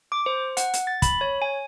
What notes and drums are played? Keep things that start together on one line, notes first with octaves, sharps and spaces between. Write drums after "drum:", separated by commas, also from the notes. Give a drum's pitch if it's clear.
D6
C5
F#5, drum: hi-hat
drum: hi-hat
A6
B5, drum: kick, hi-hat
C#5
G#5